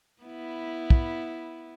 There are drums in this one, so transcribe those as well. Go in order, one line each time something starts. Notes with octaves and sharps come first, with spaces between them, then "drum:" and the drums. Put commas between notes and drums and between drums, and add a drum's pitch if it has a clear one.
B3 E4
drum: kick